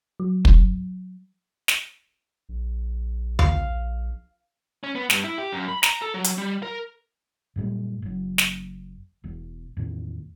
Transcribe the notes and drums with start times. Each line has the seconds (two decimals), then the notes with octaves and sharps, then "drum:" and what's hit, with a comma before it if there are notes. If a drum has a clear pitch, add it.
0.20 F#3
0.45 drum: kick
1.68 drum: snare
2.49 A#1
3.39 F5, drum: tom D#2
4.84 C#4
4.95 B3
5.10 G2, drum: snare
5.24 E4
5.38 G4
5.52 F#2
5.68 B5
5.83 A#5, drum: snare
6.02 A4
6.14 F#3
6.24 drum: hi-hat
6.38 G3
6.62 A#4
7.56 F#2 A#2 G3 A3
8.02 F#1 F#3
8.38 drum: snare
9.24 E1 E2
9.77 E2 A2 D#3